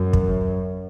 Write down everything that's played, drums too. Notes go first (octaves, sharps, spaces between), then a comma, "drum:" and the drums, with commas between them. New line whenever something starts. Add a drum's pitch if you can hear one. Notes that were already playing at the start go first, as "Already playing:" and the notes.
Already playing: F#2
drum: kick